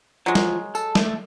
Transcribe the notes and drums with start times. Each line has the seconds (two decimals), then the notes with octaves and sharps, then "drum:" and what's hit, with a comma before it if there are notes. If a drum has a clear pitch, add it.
0.26 F3 F#3 G#3
0.35 drum: snare
0.75 A4, drum: tambourine
0.95 A3, drum: snare